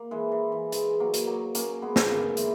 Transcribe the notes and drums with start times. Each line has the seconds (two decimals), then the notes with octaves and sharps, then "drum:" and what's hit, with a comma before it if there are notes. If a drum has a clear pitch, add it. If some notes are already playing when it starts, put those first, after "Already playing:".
Already playing: A#3
0.11 E3 G#3
0.32 E3
0.52 E3
0.72 E3 G#3, drum: hi-hat
1.00 F#3 A#3
1.14 drum: hi-hat
1.27 F#3 A#3
1.55 A#3 C#4, drum: hi-hat
1.82 G#3 B3
1.96 drum: snare
2.10 A#3 C#4
2.37 E3 G#3, drum: hi-hat